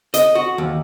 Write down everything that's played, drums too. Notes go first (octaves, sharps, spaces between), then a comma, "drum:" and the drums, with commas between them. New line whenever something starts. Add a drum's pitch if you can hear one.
D#5, drum: hi-hat
F#4
D#2